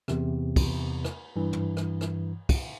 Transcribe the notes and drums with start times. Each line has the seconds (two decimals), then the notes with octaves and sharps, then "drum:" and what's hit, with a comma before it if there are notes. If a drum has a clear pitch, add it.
0.08 E2 C3, drum: rim click
0.56 drum: kick, cymbal
1.05 drum: rim click
1.36 G2 E3
1.53 drum: tom
1.77 drum: rim click
2.01 drum: rim click
2.49 drum: kick, cymbal